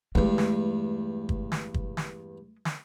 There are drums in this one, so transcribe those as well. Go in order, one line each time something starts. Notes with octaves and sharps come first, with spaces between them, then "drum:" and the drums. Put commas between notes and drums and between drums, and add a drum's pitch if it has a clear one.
E2 G2 G#3 A3, drum: kick
drum: snare
drum: kick
drum: snare
drum: kick
drum: snare
drum: snare